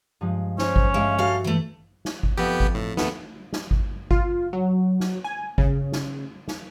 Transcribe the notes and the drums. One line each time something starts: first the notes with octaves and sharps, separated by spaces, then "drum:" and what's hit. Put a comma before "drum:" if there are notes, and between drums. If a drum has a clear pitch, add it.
G2 F3 G#3
C#4 C5, drum: snare
drum: kick G#1
G2 G#3 E5 F5 E6
F#4 A4 F5
E3 A3
drum: snare
drum: kick G#1
F2 B3 G4
drum: kick G#1
A2
D#2 A3 B3, drum: snare
drum: snare
drum: kick G#1
F4, drum: kick G#1
F#3
drum: snare
G#5
C#3, drum: kick G#1
drum: snare
drum: snare